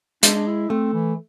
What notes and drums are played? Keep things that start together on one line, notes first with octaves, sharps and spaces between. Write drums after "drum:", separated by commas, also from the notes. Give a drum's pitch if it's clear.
G#3 D4, drum: hi-hat
D4
E4
A3 C4
E3